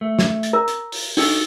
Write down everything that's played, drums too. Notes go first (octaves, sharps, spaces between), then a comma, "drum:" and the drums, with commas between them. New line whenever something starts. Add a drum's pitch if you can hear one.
A3
drum: snare
drum: hi-hat
A#4 A#5
drum: hi-hat
drum: open hi-hat
D4 D#4 F#4 A4, drum: open hi-hat